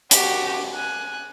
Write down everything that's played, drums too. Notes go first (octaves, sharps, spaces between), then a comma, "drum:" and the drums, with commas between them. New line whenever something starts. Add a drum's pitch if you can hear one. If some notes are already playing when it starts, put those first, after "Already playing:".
F#4 G4, drum: hi-hat
G#5 F#6